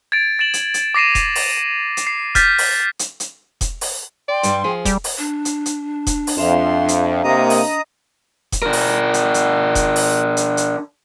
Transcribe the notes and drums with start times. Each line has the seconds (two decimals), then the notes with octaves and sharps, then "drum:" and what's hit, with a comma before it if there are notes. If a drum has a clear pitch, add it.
0.12 G#6 A6 D7
0.39 A6 D7 E7 F#7
0.54 drum: hi-hat
0.74 drum: hi-hat
0.94 D6 A#6 C7 D#7 E7
1.15 drum: kick E1, hi-hat
1.35 drum: open hi-hat
1.97 drum: hi-hat
2.07 C7
2.35 F6 G6 A6 B6, drum: kick E1, hi-hat
2.58 drum: open hi-hat
2.99 drum: hi-hat
3.20 drum: hi-hat
3.61 drum: kick E1, hi-hat
3.81 drum: open hi-hat
4.28 D5 G5 C6
4.43 G2 G3, drum: hi-hat
4.64 F3 G#4
4.85 G3, drum: kick E1, hi-hat
5.04 drum: open hi-hat
5.18 D4
5.45 drum: hi-hat
5.66 drum: hi-hat
6.07 drum: kick E1, hi-hat
6.27 drum: open hi-hat
6.38 F2 E5 F5 C6
6.88 drum: hi-hat
7.24 C3 A#3 D#5 A#5 D#6
7.50 drum: open hi-hat
8.52 drum: kick E1, hi-hat
8.62 D4 A#4
8.73 drum: open hi-hat
9.14 drum: hi-hat
9.34 drum: hi-hat
9.75 drum: kick E1, hi-hat
9.96 drum: open hi-hat
10.37 drum: hi-hat
10.57 drum: hi-hat